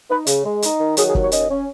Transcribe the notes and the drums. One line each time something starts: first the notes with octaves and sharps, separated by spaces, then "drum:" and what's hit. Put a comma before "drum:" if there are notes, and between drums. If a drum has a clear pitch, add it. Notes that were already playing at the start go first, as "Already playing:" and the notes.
D#4 B4
C#3, drum: hi-hat
G#3
D#4, drum: hi-hat
D#3
F#3 G#4, drum: hi-hat
G#4
D#2, drum: kick
C#5
C#4 D#5, drum: hi-hat
C#4